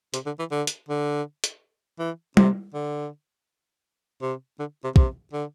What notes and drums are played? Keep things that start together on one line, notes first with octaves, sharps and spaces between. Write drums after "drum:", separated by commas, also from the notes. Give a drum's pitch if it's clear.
C3, drum: hi-hat
D3
E3
D3
drum: hi-hat
D3
drum: hi-hat
E3
C3, drum: tom
D3
C3
D3
C3
C3, drum: kick
D3